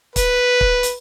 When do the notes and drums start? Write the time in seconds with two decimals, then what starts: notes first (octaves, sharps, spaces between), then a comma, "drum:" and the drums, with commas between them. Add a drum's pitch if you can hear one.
0.16 B4, drum: kick, hi-hat
0.61 drum: kick
0.83 drum: hi-hat